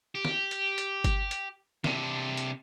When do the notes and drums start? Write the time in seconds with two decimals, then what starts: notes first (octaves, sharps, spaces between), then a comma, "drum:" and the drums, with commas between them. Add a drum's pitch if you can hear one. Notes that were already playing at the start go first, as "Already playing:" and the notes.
0.15 G4
0.25 drum: snare
0.51 drum: hi-hat
0.78 drum: hi-hat
1.04 drum: kick G1, hi-hat
1.31 drum: hi-hat
1.84 C3 D4, drum: snare
2.37 drum: hi-hat